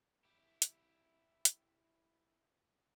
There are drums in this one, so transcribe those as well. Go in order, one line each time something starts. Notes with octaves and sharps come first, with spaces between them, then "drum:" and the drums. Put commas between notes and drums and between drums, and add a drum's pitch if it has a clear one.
E4 G4
drum: hi-hat
drum: hi-hat